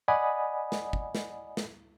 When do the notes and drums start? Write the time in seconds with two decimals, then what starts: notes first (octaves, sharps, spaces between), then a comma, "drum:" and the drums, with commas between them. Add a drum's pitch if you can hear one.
0.08 D5 D#5 F#5 G#5 B5 D#6
0.72 drum: snare
0.93 drum: kick
1.15 drum: snare
1.57 drum: snare